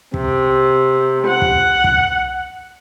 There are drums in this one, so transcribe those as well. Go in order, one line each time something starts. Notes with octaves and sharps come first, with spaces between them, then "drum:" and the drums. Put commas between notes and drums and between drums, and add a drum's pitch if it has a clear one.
C3, drum: kick
F#5
drum: kick
drum: kick